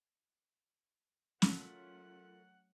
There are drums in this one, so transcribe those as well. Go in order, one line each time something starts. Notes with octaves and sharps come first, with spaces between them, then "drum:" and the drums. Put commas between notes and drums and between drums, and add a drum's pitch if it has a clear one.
F#3 A3 C#4 F4 A4 A#4 E5 F#5, drum: snare